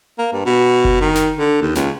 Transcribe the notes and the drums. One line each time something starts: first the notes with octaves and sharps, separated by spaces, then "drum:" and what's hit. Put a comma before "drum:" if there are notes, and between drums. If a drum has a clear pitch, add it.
A#3
G2
B2
drum: kick F#1
D#3
drum: snare
D3
D#2
C#2, drum: snare